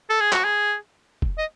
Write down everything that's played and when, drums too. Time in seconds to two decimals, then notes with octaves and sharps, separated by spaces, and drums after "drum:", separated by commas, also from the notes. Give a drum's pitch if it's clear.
0.10 A4
0.21 G#4
0.33 F#4, drum: clap
0.44 G#4
1.22 drum: kick F1
1.38 D#5